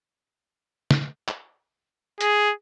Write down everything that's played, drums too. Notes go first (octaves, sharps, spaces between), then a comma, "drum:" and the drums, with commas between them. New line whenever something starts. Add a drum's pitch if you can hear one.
drum: snare C#3
drum: clap
G#4, drum: hi-hat